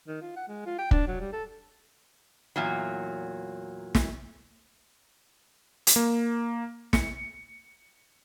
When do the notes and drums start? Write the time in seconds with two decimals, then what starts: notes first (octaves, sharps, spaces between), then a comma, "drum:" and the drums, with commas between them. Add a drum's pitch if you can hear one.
0.07 D#3
0.21 F4
0.36 F#5
0.48 G#3
0.66 F4
0.78 G5
0.91 D4, drum: kick
1.08 F#3
1.21 G3
1.33 A4
2.56 E2 A#2 F#3
3.95 drum: snare
5.87 drum: hi-hat
5.96 A#3
6.93 C#7, drum: snare